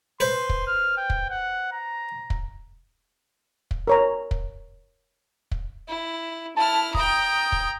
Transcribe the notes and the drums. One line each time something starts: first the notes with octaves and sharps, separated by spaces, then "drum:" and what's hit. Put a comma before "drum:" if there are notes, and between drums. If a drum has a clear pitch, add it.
B4 C5 C6
drum: kick
F6
G5
drum: kick
F#5
A#5
drum: kick
drum: kick
A#4 C#5 A#5
drum: kick
drum: kick
E4
E4 A5 F6
G5 A#5 D#6, drum: kick
drum: kick